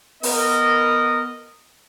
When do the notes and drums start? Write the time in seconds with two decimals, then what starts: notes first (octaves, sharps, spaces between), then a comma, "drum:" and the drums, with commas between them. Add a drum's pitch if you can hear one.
0.23 B3 A#4 D#5, drum: open hi-hat